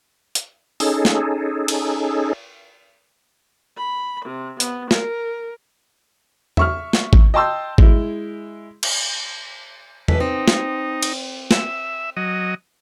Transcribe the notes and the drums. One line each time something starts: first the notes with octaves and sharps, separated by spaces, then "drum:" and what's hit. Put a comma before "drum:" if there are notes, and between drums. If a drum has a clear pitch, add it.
drum: hi-hat
C#4 D#4 G#4 A4, drum: open hi-hat
drum: snare
drum: cymbal
B5
C3
B3, drum: hi-hat
A#4, drum: snare
E5 C#6 F6, drum: tom E2
drum: snare
drum: kick G#1
D#5 G5 A5 C6 E6 G6
G#3 E4, drum: kick G#1
drum: cymbal
B2 E3 A4 B4, drum: tom E2
C4 D#4
drum: snare
drum: cymbal
E5, drum: snare
F#3 D#5